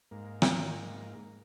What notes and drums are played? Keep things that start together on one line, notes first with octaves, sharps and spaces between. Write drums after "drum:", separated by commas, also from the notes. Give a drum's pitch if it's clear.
G#2 A#3
drum: rim click